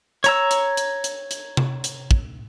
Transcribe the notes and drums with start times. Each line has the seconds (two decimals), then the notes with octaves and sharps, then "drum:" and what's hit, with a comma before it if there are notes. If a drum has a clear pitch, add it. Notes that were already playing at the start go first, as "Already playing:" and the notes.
0.24 C#5 A#5 E6, drum: hi-hat
0.51 drum: hi-hat
0.77 drum: hi-hat
1.04 drum: hi-hat
1.31 drum: hi-hat
1.57 drum: tom C3
1.84 drum: hi-hat
2.11 drum: kick